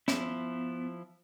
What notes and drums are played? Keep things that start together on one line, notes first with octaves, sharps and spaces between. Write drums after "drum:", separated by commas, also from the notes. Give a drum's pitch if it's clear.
F3 B3 E4, drum: snare